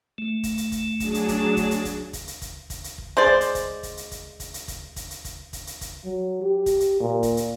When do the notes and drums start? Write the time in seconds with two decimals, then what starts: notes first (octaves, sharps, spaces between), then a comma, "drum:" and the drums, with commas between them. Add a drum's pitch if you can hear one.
0.18 A3
0.43 drum: kick, hi-hat
0.58 drum: hi-hat
0.72 drum: kick, hi-hat
1.00 F#3 D4 G#4, drum: kick, hi-hat
1.14 drum: hi-hat
1.28 drum: kick, hi-hat
1.57 drum: kick, hi-hat
1.71 drum: hi-hat
1.85 drum: kick, hi-hat
2.13 drum: kick, hi-hat
2.27 drum: hi-hat
2.42 drum: kick, hi-hat
2.70 drum: kick, hi-hat
2.84 drum: hi-hat
2.98 drum: kick
3.17 G#3 C5 D5
3.27 drum: kick
3.41 drum: hi-hat
3.55 drum: kick, hi-hat
3.83 drum: kick, hi-hat
3.97 drum: hi-hat
4.11 drum: kick, hi-hat
4.40 drum: kick, hi-hat
4.54 drum: hi-hat
4.68 drum: kick, hi-hat
4.96 drum: kick, hi-hat
5.10 drum: hi-hat
5.25 drum: kick, hi-hat
5.53 drum: kick, hi-hat
5.67 drum: hi-hat
5.81 drum: kick, hi-hat
6.05 F#3
6.42 G4
6.66 drum: kick, hi-hat
6.80 drum: hi-hat
7.00 A#2
7.23 drum: kick, hi-hat
7.37 drum: hi-hat